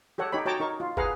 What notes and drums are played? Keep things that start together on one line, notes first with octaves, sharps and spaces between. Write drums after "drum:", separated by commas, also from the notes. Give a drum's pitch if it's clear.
G4 A4 C#5 F#5
D#4 G4 C#5 B5
F#4 C#5 G5 A5 A#5 D6
D#4 A#4 C#6
F4
G#4 B4 F5 F#5 A#5, drum: kick